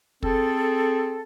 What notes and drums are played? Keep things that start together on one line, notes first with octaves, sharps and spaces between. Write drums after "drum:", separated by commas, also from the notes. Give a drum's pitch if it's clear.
C4 G#4 A4, drum: kick